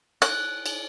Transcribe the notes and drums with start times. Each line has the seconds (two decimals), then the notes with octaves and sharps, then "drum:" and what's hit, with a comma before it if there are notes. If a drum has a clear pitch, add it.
0.22 F#6, drum: cymbal
0.66 drum: cymbal